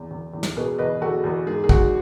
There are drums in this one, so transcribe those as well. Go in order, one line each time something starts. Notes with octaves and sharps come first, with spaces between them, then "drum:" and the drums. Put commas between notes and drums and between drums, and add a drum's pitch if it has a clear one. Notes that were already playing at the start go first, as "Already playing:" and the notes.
Already playing: E2
E2
E2
drum: snare
B2 G#4 B4
E2 B4 D#5
E2 F#4 A4
E2 G#4
G#2 G#4
G#4
G#2 F#4, drum: kick